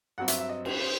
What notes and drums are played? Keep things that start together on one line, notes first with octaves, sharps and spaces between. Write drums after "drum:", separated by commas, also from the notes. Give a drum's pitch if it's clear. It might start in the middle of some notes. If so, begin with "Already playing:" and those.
G2 F#3 C4 F#5
E5, drum: hi-hat
E5
D#5
C5, drum: cymbal
C5